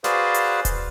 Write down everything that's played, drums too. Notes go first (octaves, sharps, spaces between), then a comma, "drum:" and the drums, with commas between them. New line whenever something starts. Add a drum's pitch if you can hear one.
F#4 G#4 B4 C5 D5 F5, drum: snare
drum: hi-hat
drum: kick D#1, hi-hat